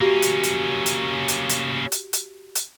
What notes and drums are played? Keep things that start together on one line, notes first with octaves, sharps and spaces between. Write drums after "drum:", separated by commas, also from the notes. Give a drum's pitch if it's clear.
A#3 C#4 F#4 G4
drum: hi-hat
drum: hi-hat
drum: hi-hat
drum: hi-hat
drum: hi-hat
drum: hi-hat
drum: hi-hat
drum: hi-hat